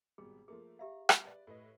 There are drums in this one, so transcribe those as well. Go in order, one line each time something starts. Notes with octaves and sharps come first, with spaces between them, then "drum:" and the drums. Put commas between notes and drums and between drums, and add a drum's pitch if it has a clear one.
G#1 B2 G3 G#4
F3 A3 A#3 G#4
G4 E5 F5 A#5
G3, drum: rim click
B4 D5
A2 B4 D#5